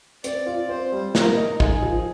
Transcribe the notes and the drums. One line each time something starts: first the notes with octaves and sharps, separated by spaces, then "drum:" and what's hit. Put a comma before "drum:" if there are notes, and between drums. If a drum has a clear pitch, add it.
C4 D5, drum: hi-hat
F4
C4 C5
G3
D#4 A#4, drum: snare
D#4
D#4 G#4, drum: kick
F3